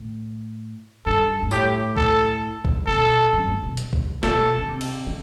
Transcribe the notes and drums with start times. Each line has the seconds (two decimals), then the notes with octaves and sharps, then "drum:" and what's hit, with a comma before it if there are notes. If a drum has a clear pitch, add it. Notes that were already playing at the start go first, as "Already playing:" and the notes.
Already playing: A2
1.06 G2 A4
1.43 G2
1.51 A2 G4, drum: tambourine
1.96 A4, drum: kick A#1
2.65 drum: kick A#1
2.87 B2 A4
3.33 F#2
3.48 G2
3.63 B2
3.77 drum: hi-hat
3.93 drum: kick A#1
4.23 B2 A4, drum: snare
4.58 D3
4.69 C3
4.81 drum: cymbal
5.07 E3